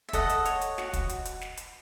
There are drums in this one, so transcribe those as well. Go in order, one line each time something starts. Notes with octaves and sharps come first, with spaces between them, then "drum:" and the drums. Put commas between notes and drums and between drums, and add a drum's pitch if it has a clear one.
E5
A4 D#5 F#5, drum: kick, hi-hat
drum: hi-hat
C#5, drum: hi-hat
drum: hi-hat
F#4, drum: snare
drum: kick, hi-hat
drum: hi-hat
drum: hi-hat
drum: snare
drum: hi-hat